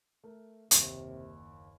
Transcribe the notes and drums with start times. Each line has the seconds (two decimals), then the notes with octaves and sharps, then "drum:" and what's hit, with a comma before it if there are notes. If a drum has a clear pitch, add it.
0.24 A3 A#4
0.71 F#1 D#2 C3, drum: hi-hat